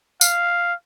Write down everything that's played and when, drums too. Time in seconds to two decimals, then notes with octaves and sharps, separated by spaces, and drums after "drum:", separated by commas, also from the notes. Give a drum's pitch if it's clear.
0.21 F5, drum: tambourine